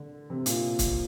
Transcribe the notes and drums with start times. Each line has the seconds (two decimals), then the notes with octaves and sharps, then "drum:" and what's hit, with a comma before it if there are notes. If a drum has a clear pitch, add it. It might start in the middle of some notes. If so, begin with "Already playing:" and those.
Already playing: D3
0.30 C3
0.46 A#2, drum: hi-hat
0.79 drum: kick C#1, hi-hat